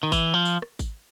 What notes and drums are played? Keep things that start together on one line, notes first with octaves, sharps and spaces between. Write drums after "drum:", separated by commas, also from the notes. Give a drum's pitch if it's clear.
D#3
E3, drum: kick G#1, tambourine
F3
drum: tambourine
drum: rim click
drum: kick G#1, tambourine